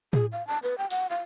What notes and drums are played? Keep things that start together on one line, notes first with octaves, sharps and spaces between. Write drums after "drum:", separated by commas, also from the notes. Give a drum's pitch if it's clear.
G#4, drum: tom A2
F5
A5
B4
G5
F#5, drum: open hi-hat
F5